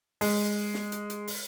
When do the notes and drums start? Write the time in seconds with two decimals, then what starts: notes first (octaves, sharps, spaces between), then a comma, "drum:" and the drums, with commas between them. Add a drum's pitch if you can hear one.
0.21 G#3, drum: open hi-hat
0.74 drum: snare
0.92 drum: hi-hat
1.10 drum: hi-hat
1.27 drum: open hi-hat